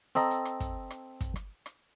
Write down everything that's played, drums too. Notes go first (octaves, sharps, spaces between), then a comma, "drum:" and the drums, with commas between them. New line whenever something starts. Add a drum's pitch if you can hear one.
C4 A4 D#5 A#5
drum: hi-hat
drum: rim click
drum: kick, hi-hat
drum: rim click
drum: kick, hi-hat
drum: rim click
drum: rim click